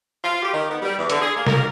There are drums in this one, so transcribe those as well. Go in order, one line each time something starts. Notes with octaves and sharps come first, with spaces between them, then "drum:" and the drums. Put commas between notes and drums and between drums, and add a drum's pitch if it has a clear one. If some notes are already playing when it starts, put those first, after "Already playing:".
F4
G4
D#3
B3
G3
E2
D3, drum: hi-hat
G#4
A#3
A#4, drum: snare C3